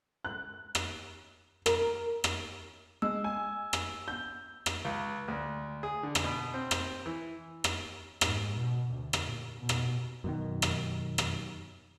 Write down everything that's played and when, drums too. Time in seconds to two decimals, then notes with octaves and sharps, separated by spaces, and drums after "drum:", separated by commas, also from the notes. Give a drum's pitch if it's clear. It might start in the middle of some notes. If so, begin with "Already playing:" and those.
0.25 F#6
0.75 drum: rim click
1.66 A#4, drum: rim click
2.24 drum: rim click
3.02 G#3 E6
3.24 G#5
3.73 drum: rim click
4.08 G6
4.66 drum: rim click
4.85 C#2
5.28 D2
5.83 G#4
6.03 D3
6.15 drum: rim click
6.24 B2
6.54 C4
6.71 drum: rim click
7.06 E3
7.64 drum: rim click
8.21 G#2, drum: rim click
8.57 B2
8.92 D2
9.13 drum: rim click
9.23 A#2
9.59 B2
9.69 drum: rim click
10.24 F#2 B2 D#3
10.62 drum: rim click
11.18 drum: rim click